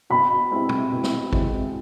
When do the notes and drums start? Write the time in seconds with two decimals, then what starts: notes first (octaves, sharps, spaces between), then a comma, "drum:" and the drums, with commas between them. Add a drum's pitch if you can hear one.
0.10 B2 B5
0.51 G#3 C4 E4 G4
0.69 drum: tom
0.92 B2
1.04 drum: snare
1.33 G#3 C4 E4 G4, drum: kick